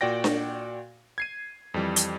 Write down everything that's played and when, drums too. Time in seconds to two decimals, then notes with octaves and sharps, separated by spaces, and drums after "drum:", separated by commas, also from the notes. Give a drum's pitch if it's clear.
0.01 A#2 F#4 D5 G5 A#6
0.24 drum: snare D4
1.18 G#6 C7 D#7
1.74 F2 E3 G3
1.96 drum: hi-hat